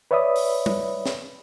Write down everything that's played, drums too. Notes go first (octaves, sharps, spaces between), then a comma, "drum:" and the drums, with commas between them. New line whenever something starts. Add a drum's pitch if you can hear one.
B4 C#5 D5 E5 B5 D#6
drum: open hi-hat
drum: tom G3
drum: snare